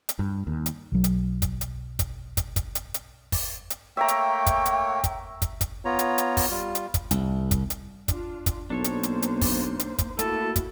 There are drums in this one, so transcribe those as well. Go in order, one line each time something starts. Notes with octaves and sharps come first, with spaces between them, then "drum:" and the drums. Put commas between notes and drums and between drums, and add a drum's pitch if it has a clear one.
drum: hi-hat
G2
D#2
drum: hi-hat
B1 F#3
drum: hi-hat
drum: kick, hi-hat
drum: hi-hat
drum: kick, hi-hat
drum: kick, hi-hat
drum: kick, hi-hat
drum: hi-hat
drum: hi-hat
drum: kick, open hi-hat
drum: hi-hat
A3 A#3 C#5 E5 G5 A#5
drum: hi-hat
drum: kick, hi-hat
drum: hi-hat
drum: kick, hi-hat
drum: kick, hi-hat
drum: kick, hi-hat
B3 F4 C#5 A#5
drum: hi-hat
drum: hi-hat
drum: kick, open hi-hat
G3 F4
drum: hi-hat
drum: kick, hi-hat
C2, drum: hi-hat
drum: kick, hi-hat
drum: hi-hat
D4 F4, drum: kick, hi-hat
drum: kick, hi-hat
B1 A#3 D4 A4 C5 C#5
drum: hi-hat
drum: hi-hat
drum: hi-hat
drum: kick, open hi-hat
drum: hi-hat
drum: kick, hi-hat
A3 A#3 E4 F#4 A4, drum: hi-hat
drum: kick, hi-hat